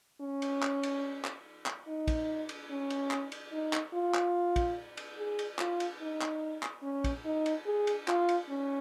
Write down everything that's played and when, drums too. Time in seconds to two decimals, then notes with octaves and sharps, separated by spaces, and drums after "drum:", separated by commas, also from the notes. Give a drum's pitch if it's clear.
0.21 C#4
0.42 drum: cymbal
0.63 drum: clap
0.83 drum: cymbal
1.25 drum: clap
1.66 drum: clap
1.87 D#4
2.08 drum: kick, cymbal
2.49 drum: cymbal
2.70 C#4
2.90 drum: cymbal
3.11 drum: clap
3.32 drum: cymbal
3.52 D#4
3.73 drum: clap
3.94 F4
4.15 drum: clap
4.56 drum: kick, cymbal
4.97 drum: cymbal
5.18 G#4
5.39 drum: cymbal
5.59 F4, drum: clap
5.80 drum: cymbal
6.01 D#4
6.22 drum: clap
6.63 drum: clap
6.83 C#4
7.04 drum: kick, cymbal
7.25 D#4
7.46 drum: cymbal
7.66 G#4
7.87 drum: cymbal
8.08 F4, drum: clap
8.29 drum: cymbal
8.50 C#4